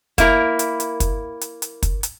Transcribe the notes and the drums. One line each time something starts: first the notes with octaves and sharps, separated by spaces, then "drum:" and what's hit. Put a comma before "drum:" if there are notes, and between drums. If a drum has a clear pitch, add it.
A#3 E4 A#4, drum: kick, hi-hat
drum: hi-hat
drum: hi-hat
drum: kick, hi-hat
drum: hi-hat
drum: hi-hat
drum: kick, hi-hat
drum: hi-hat